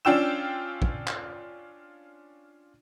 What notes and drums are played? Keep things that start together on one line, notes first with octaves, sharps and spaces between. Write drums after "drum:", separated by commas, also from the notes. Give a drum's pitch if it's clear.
C#4 D4 F4 G5 E6 E7
drum: kick
drum: clap